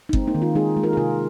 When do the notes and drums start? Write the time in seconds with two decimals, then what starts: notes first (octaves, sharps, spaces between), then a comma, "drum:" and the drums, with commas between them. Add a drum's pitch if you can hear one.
0.09 D#4
0.13 G#3 C4, drum: kick G1
0.27 A#3 D#4
0.35 D#3
0.42 C4 F4
0.55 G#3 D#4 G#4
0.77 G#3
0.83 F4 A#4
0.93 G#4
0.97 C3 F4 A#4